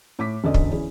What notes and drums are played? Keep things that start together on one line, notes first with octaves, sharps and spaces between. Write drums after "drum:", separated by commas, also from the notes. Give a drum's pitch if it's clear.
A2 D6 B6
E1 D3 C#4 A4 D5 D#5
drum: kick
E3 C#4 G#4